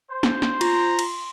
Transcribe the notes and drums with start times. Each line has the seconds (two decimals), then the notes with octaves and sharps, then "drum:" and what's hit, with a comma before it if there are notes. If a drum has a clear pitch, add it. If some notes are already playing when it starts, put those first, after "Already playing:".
0.10 C5
0.23 drum: snare
0.42 drum: snare
0.61 F4 A#5 C6, drum: cymbal
0.99 drum: cymbal